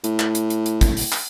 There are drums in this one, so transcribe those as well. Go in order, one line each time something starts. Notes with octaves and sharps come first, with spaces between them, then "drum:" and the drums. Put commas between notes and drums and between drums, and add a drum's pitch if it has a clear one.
A2, drum: hi-hat
drum: clap
drum: hi-hat
drum: hi-hat
drum: hi-hat
drum: kick, hi-hat
drum: open hi-hat
drum: clap